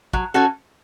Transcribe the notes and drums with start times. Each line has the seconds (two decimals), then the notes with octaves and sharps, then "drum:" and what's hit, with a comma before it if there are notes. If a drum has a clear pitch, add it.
0.13 F#3, drum: kick
0.34 C#4 F#4 A4